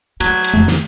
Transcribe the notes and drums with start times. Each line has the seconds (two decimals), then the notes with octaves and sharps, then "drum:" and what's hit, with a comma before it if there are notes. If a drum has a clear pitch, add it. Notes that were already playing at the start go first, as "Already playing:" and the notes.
0.20 F#3 A3, drum: cymbal
0.44 drum: cymbal
0.54 F2 A3
0.68 drum: snare